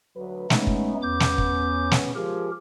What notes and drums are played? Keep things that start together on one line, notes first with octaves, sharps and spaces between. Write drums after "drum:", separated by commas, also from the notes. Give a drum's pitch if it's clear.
D2 F#3 B4
G#3 A3 B3 C#4 D#4, drum: snare
drum: kick
E2 D6 G6
drum: snare
drum: kick
drum: snare
F3 G#3 G4 G#4 A#4